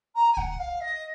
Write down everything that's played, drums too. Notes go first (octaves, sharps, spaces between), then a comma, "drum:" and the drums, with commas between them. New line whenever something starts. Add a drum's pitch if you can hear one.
A#5
G#5
F#5, drum: kick
F5
D#5